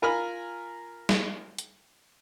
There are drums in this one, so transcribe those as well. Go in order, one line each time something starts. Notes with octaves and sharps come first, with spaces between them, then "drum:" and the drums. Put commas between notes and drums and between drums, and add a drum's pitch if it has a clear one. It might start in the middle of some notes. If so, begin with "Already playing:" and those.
F4 A#4 G#5 A#5 B5 F6
drum: snare
drum: hi-hat